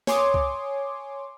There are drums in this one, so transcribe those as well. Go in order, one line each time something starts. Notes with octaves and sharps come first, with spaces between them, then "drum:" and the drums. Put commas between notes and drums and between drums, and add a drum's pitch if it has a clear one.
C#5 G#5 C6 D6 D#6, drum: snare
drum: kick C2